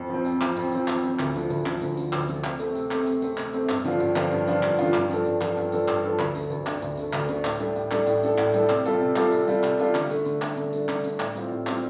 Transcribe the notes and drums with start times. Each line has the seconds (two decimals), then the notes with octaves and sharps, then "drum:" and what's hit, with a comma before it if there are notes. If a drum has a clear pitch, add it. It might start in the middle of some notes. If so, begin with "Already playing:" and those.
Already playing: F2
0.09 F3 C4
0.25 F2, drum: tambourine
0.41 F3 C4, drum: clap
0.56 F2, drum: tambourine
0.72 F3 C4, drum: tambourine
0.88 F2, drum: clap
1.03 F3 C4, drum: tambourine
1.19 D2, drum: clap
1.35 D3 F3, drum: tambourine
1.50 D2, drum: tambourine
1.66 D3 F3, drum: clap
1.81 D2, drum: tambourine
1.97 D3 F3, drum: tambourine
2.13 D2, drum: clap
2.29 D3 F3, drum: tambourine
2.44 C3, drum: clap
2.59 A3 C4, drum: tambourine
2.75 C3, drum: tambourine
2.91 A3 C4, drum: clap
3.07 C3, drum: tambourine
3.22 A3 C4, drum: tambourine
3.37 C3, drum: clap
3.54 A3 C4, drum: tambourine
3.69 G2, drum: clap
3.85 D3 F3 D4 F4, drum: tambourine
4.00 G2, drum: tambourine
4.16 D3 F3 D4 F4, drum: clap
4.32 G2, drum: tambourine
4.47 D3 F3 D4 F4, drum: tambourine
4.63 G2, drum: clap
4.79 D3 F3 D4 F4, drum: tambourine
4.94 G2, drum: clap
5.10 F3 D4 A4, drum: tambourine
5.26 G2, drum: tambourine
5.41 F3 D4 A4, drum: clap
5.57 G2, drum: tambourine
5.72 F3 D4 A4, drum: tambourine
5.88 G2, drum: clap
6.03 F3 D4 A4
6.19 D2, drum: clap
6.35 D3 A3 D4, drum: tambourine
6.50 D2, drum: tambourine
6.67 D3 A3 D4, drum: clap
6.82 D2, drum: tambourine
6.97 D3 A3 D4, drum: tambourine
7.13 D2, drum: clap
7.29 D3 A3 D4, drum: tambourine
7.45 A2, drum: clap
7.60 G3 D4 A4, drum: tambourine
7.76 A2, drum: tambourine
7.91 G3 D4 A4, drum: clap
8.07 A2, drum: tambourine
8.23 G3 D4 A4, drum: tambourine
8.38 A2, drum: clap
8.54 G3 D4 A4, drum: tambourine
8.69 C3, drum: clap
8.86 G3 F4 A4, drum: tambourine
9.01 C3
9.16 G3 F4 A4, drum: clap
9.32 C3, drum: tambourine
9.48 G3 F4 A4, drum: tambourine
9.63 C3, drum: clap
9.79 G3 F4 A4, drum: tambourine
9.95 D3, drum: clap
10.11 A3 D4, drum: tambourine
10.25 D3, drum: tambourine
10.42 A3 D4, drum: clap
10.57 D3, drum: tambourine
10.73 A3 D4, drum: tambourine
10.89 D3, drum: clap
11.04 A3 D4, drum: tambourine
11.20 A2, drum: clap
11.35 G3 C4 F4, drum: tambourine
11.51 A2
11.67 G3 C4 F4, drum: clap